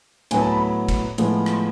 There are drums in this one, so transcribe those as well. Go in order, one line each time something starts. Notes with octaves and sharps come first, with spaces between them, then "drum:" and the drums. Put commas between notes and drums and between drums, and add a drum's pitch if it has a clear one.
A2 F#3 B3 G#5, drum: cymbal
A5
B5
B5
drum: kick, cymbal
A2 F3 G#3 B3, drum: cymbal
drum: rim click